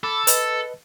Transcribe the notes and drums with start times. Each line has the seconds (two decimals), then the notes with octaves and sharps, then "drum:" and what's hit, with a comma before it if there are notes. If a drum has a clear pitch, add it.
0.03 A4 B5 D6 E6
0.27 B4 D#5, drum: hi-hat